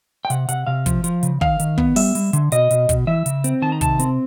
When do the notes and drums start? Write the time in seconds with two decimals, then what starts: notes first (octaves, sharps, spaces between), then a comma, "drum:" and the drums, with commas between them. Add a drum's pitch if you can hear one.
0.25 G5
0.30 C3 F#5, drum: hi-hat
0.49 C3 F#5, drum: hi-hat
0.67 C3 F5
0.86 F3, drum: kick, hi-hat
1.04 F3, drum: hi-hat
1.23 C#3, drum: hi-hat
1.41 D#3 F5, drum: kick
1.60 D#3, drum: hi-hat
1.78 B3, drum: kick
1.96 G3 E5, drum: open hi-hat
2.15 G3, drum: hi-hat
2.33 D3, drum: hi-hat
2.52 B2 D#5, drum: hi-hat
2.71 B2, drum: hi-hat
2.89 B2, drum: kick, hi-hat
3.07 E3 E5
3.26 C#3, drum: hi-hat
3.44 C4, drum: hi-hat
3.62 D#3 A5
3.72 A#5
3.81 C3 A5, drum: kick, hi-hat
3.99 C4, drum: hi-hat